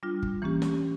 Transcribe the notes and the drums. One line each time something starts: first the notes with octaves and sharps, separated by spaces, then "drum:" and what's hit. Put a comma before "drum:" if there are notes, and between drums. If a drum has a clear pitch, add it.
G3 D4 F4
drum: kick
E3 A#3 C#4 G4
drum: snare